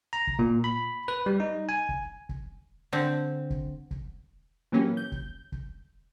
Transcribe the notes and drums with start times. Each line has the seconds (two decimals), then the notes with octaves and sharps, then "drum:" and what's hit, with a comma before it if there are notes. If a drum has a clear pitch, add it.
0.13 A#5
0.27 drum: kick
0.39 A#2
0.64 B5
1.08 B4
1.26 G3
1.40 D#4
1.69 G#5
1.89 drum: kick
2.29 drum: kick
2.93 D3 C4
3.50 drum: kick
3.91 drum: kick
4.72 A#2 E3 F#3 A#3 C#4 G4
4.97 G6
5.12 drum: kick
5.52 drum: kick